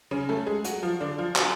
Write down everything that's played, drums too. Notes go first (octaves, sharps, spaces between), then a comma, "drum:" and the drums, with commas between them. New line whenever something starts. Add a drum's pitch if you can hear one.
C#3 C#4
A3 A4
G#3 G#4
F#3 F#4, drum: hi-hat
F3 F4
D3 D4
F3 F4
F#3 F#4, drum: clap